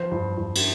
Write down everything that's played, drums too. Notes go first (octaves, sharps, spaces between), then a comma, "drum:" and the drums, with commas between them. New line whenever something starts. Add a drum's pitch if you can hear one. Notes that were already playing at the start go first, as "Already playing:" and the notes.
Already playing: F3 C5
G2
G2
drum: cymbal